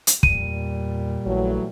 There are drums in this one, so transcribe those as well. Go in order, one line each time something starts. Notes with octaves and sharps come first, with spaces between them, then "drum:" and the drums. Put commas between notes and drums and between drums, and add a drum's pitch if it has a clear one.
drum: hi-hat
E2 A#2 G3 D#7, drum: kick
A#1 E3 F#3 A3